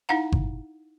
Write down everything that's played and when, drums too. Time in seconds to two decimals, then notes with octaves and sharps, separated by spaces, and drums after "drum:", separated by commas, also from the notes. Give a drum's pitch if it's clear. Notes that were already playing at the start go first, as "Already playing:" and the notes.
0.09 D#4 E4 F5 F#5 A#5
0.32 drum: kick G1